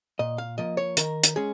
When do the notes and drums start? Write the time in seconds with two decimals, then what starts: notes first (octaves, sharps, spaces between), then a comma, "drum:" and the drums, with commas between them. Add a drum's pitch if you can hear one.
0.19 A#2 D#5
0.38 F5
0.58 F3 A#3 D#5
0.77 C#5
0.97 D#3 A#4, drum: hi-hat
1.23 drum: hi-hat
1.36 G#3 C#4 G#4